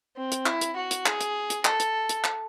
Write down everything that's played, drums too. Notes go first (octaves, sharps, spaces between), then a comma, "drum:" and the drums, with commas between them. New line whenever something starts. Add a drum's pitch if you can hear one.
C4
drum: hi-hat
E4, drum: clap
drum: hi-hat
F#4
drum: hi-hat
G#4, drum: clap
drum: hi-hat
drum: hi-hat
A4, drum: clap
drum: hi-hat
drum: hi-hat
drum: clap